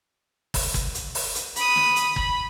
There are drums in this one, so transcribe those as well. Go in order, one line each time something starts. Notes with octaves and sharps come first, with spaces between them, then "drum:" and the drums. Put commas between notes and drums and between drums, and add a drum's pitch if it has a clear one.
drum: kick, open hi-hat
drum: kick, hi-hat
drum: hi-hat
drum: open hi-hat
drum: hi-hat
B5 D#6, drum: hi-hat
drum: snare
drum: hi-hat
B5, drum: kick